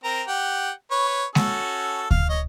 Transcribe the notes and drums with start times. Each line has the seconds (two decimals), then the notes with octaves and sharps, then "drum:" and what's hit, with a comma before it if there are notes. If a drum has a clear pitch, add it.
0.04 C4 A#4 A#5
0.28 G4 F#5 G5
0.91 B4 C#5
1.35 C#4 F#4 A4, drum: snare G#3
2.11 F5, drum: kick D2
2.29 C#5 D#5